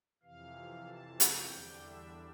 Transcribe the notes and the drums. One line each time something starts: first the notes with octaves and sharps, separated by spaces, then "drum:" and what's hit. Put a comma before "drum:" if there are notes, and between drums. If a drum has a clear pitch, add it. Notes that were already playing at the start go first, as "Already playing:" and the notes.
F2 C3 E3 F5
A5
G5, drum: hi-hat
E2 D3 G3 D4
E5